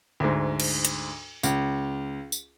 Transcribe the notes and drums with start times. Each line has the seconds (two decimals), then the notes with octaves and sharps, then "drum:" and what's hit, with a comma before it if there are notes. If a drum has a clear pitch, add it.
0.20 D2 G#2
0.60 drum: cymbal
0.85 drum: hi-hat
1.43 C#2, drum: tambourine
2.32 drum: tambourine